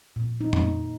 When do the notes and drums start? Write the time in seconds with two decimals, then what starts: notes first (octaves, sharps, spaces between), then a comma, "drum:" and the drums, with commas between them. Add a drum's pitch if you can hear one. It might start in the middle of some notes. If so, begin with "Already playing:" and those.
0.16 A#2
0.41 D#4
0.53 drum: tom F2
0.65 A#3